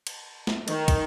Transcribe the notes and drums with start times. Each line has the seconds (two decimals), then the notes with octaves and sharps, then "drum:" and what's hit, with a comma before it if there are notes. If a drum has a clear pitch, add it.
0.07 drum: cymbal
0.47 drum: snare
0.68 D#3, drum: cymbal
0.88 drum: kick, cymbal